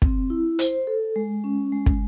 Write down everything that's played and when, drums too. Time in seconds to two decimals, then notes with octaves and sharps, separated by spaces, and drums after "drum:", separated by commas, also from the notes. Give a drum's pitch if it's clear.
0.02 C4, drum: kick
0.30 E4
0.59 C5, drum: hi-hat
0.87 A4
1.16 G#3
1.44 C#4
1.72 G#3
1.86 drum: kick